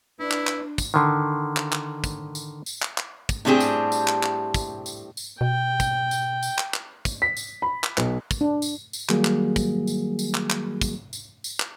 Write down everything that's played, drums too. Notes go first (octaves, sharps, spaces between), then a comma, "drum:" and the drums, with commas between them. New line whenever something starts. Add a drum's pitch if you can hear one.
D4 E4 B4
drum: clap
drum: clap
drum: kick, tambourine
D3 D#3
drum: clap
drum: clap
drum: kick, tambourine
drum: tambourine
drum: tambourine
drum: clap
drum: clap
drum: kick, tambourine
A2 G3 C4 D4 G4 G#4
drum: tambourine
drum: tambourine
drum: clap
drum: clap
drum: kick, tambourine
drum: tambourine
drum: tambourine
B2 G5
drum: kick, tambourine
drum: tambourine
drum: tambourine
drum: clap
drum: clap
drum: kick, tambourine
B6
drum: tambourine
B5
drum: clap
B1, drum: clap
drum: kick, tambourine
D4
drum: tambourine
drum: tambourine
D#3 F#3 G3 A#3 F#4 G#4, drum: clap
drum: clap
drum: kick, tambourine
drum: tambourine
drum: tambourine
drum: clap
drum: clap
drum: kick, tambourine
drum: tambourine
drum: tambourine
drum: clap